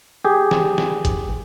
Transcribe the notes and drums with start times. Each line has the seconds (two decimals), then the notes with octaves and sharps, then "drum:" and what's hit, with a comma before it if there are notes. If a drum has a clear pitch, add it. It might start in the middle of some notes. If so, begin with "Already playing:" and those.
0.25 G4 G#4
0.51 drum: snare
0.78 drum: snare
1.05 drum: kick, hi-hat